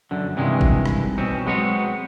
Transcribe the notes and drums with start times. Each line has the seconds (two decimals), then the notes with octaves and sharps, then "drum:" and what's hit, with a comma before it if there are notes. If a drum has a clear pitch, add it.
0.11 F#2 D3
0.36 G2 C3 D#3 E3 G3 G#3
0.61 drum: kick G#1
0.86 drum: rim click
1.18 B2 C4 C#4
1.46 F#3 G#3 B3 C4 C#5